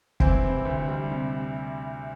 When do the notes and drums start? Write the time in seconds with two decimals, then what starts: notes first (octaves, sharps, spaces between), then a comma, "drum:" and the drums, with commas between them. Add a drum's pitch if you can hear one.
0.20 E3 C4 E4, drum: kick
0.43 C3
0.65 D2
0.88 G3
1.11 C3